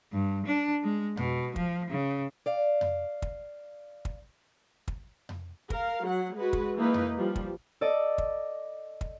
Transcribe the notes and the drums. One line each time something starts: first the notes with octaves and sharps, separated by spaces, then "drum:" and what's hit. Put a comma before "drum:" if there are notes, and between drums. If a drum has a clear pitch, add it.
G2
D4
G#3
B2, drum: tom F2
F3, drum: kick
C#3
D5 F5
drum: tom F2
drum: kick
drum: kick
drum: kick
drum: tom F2
A#4 F5, drum: kick
F#3 F#5
G#3 F#4 B4
drum: kick
E3 A#3 D#4 B4
drum: tom F2
F3 G3
drum: kick
A4 D5 D#5
drum: kick
drum: kick